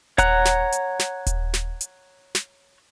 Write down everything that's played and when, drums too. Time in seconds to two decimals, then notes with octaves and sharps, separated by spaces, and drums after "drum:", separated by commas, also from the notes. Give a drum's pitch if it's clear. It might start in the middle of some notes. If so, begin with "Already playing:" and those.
0.18 C#5 F#5 A#5 F#6, drum: kick D#1, hi-hat
0.45 drum: snare
0.72 drum: hi-hat
0.99 drum: snare
1.26 drum: kick D#1, hi-hat
1.54 drum: snare
1.81 drum: hi-hat
2.35 drum: snare